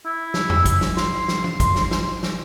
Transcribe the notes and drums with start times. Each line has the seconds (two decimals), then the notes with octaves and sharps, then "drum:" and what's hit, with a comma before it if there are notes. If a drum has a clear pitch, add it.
0.06 E4
0.34 drum: snare
0.50 drum: tom E2
0.65 drum: kick, hi-hat
0.81 drum: snare
0.97 C6, drum: snare
1.28 drum: snare
1.44 drum: tom F3
1.60 drum: kick, hi-hat
1.76 drum: snare
1.91 drum: snare
2.23 drum: snare